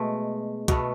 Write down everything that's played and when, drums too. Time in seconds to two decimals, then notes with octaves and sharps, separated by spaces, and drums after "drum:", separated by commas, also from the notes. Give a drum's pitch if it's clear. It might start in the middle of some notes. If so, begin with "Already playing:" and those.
Already playing: B2 G#3 A3
0.68 B2 A3 B3, drum: kick C2, hi-hat